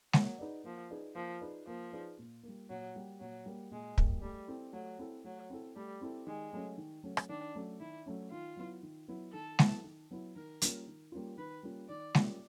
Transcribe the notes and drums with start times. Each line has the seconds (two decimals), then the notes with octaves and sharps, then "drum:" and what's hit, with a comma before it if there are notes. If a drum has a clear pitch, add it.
0.13 F#3 A#3, drum: snare G#3
0.39 D#4 G#4 B4 D5
0.64 F3 A#3
0.91 D#4 G#4 B4 D5
1.16 F3 A#3
1.41 D#4 G#4 B4 D5
1.67 F3 A#3
1.92 D#4 G#4 B4 D5
2.19 A#2
2.43 G3 A#3
2.70 A#2 F#3
2.95 G3 A#3
3.20 A#2 F#3
3.46 G3 A#3
3.71 A#2 G#3
3.98 G3 A#3, drum: kick
4.22 G3 A3
4.48 C4 E4 A4
4.73 F#3 A3
4.99 C4 E4 A4
5.25 F#3 A3
5.50 C4 E4 A4
5.76 G3 A3
6.01 C4 E4 A4
6.27 D#3 G#3
6.53 F#3 A3 C#4
6.78 D#3
7.03 F#3 A3 C#4
7.17 drum: rim click
7.29 D#3 D4
7.55 F#3 A3 C#4
7.80 D#3 E4
8.06 F#3 A3 C#4
8.31 D#3 F4
8.57 F#3 B3 E4
8.83 D#3
9.08 F#3 B3 E4
9.33 D#3 A4
9.59 F#3 B3 E4, drum: snare G#3
9.84 D#3
10.11 F#3 B3 E4
10.36 D#3 A#4
10.62 G3 A#3 C#4 F4, drum: hi-hat
10.88 D#3
11.12 G3 A#3 C#4 F4
11.38 D#3 B4
11.63 G3 A#3 C#4 F4
11.89 D#3 D5
12.15 G3 A#3 C#4 F4, drum: snare G#3